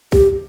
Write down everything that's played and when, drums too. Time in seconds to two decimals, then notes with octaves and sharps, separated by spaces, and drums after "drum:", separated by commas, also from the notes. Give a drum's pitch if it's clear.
0.12 G4, drum: kick